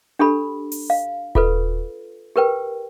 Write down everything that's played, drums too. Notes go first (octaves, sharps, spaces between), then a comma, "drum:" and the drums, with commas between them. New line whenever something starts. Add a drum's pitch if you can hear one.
D4 G4 A4 B5
drum: open hi-hat
F5
F4 A4 B4, drum: kick D#1
G4 A#4 B4 G5